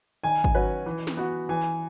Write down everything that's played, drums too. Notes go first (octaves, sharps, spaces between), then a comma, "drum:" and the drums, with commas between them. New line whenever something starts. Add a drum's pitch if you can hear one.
D#3 G#5
drum: kick
F#3 C#4 F#4 B4
E3
drum: snare
B3 F#4
E3 G#5